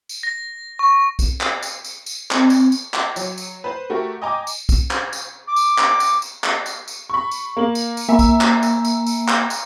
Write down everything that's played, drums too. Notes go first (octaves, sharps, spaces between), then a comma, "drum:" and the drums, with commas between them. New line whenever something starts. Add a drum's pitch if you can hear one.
drum: tambourine
A#6
C#6
drum: kick, tambourine
drum: clap
drum: tambourine
drum: tambourine
drum: tambourine
C4, drum: clap
drum: tambourine
drum: tambourine
drum: clap
F#3, drum: tambourine
drum: tambourine
B4 C5
A3 F#4 G4 A#4
D#5 G5 G#5 A#5 D6
drum: tambourine
drum: kick, tambourine
drum: clap
drum: tambourine
D6
drum: tambourine
drum: clap
drum: tambourine
drum: tambourine
drum: clap
drum: tambourine
drum: tambourine
B5 C#6
drum: tambourine
A#3 F#7
drum: tambourine
drum: tambourine
A#3 E5 G#5 A#5 B5
drum: kick, tambourine
drum: clap
drum: tambourine
drum: tambourine
drum: tambourine
drum: clap
drum: tambourine